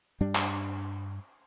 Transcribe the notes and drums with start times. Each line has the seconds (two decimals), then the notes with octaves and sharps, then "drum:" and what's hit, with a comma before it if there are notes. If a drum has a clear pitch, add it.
0.21 G2 G3 D4
0.35 drum: clap